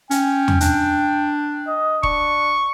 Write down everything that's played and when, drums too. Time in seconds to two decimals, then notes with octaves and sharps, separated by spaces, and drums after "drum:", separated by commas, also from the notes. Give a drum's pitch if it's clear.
0.11 C#4 G5, drum: hi-hat
0.48 drum: tom E2
0.61 D4, drum: hi-hat
1.67 D#5
2.03 D4 C#6, drum: kick D#1